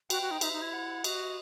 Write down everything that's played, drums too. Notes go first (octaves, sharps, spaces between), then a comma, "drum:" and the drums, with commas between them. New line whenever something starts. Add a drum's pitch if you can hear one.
F#4 G5, drum: cymbal
F#4
D#4
D#4 E5, drum: cymbal
D#4
E4
F#5
F#4 D#5, drum: cymbal